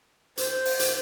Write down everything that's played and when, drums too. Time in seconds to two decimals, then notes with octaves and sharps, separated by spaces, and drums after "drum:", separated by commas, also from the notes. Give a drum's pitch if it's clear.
0.37 C5, drum: hi-hat
0.65 drum: open hi-hat
0.79 drum: hi-hat